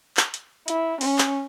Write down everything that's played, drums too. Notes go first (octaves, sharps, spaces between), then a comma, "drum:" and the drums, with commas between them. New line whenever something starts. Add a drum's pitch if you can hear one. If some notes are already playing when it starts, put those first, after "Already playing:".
drum: clap
drum: hi-hat
E4, drum: hi-hat
C#4, drum: open hi-hat
drum: clap